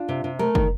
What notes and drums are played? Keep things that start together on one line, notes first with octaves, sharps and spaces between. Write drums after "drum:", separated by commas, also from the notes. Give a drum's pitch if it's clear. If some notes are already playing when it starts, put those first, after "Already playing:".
Already playing: D4 F4
C3
C3
A3 A#4
D#3, drum: kick